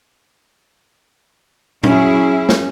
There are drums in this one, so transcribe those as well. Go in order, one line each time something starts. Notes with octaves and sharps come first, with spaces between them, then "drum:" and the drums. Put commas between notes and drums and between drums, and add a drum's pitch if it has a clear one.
F#3 C#4 E4 G#4, drum: tom A#2
drum: snare